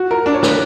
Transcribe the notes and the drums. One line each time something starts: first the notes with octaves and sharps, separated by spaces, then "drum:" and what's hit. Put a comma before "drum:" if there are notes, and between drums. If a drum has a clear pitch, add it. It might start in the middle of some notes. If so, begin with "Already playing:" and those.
Already playing: F#4
A#4
D4
C#5
B4, drum: snare